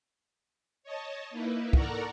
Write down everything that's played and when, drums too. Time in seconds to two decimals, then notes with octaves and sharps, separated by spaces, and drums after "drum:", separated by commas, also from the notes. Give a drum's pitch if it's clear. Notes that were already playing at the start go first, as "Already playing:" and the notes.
0.83 C#5 D#5 A5
1.31 A#3 D#4 E4 B4
1.73 A4 A#4 D5 F#5 A#5 C#6, drum: kick